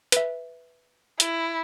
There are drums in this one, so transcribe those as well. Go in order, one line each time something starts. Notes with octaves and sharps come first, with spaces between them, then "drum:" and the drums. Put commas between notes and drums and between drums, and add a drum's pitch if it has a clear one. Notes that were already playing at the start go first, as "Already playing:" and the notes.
B4 E5, drum: hi-hat
E4, drum: hi-hat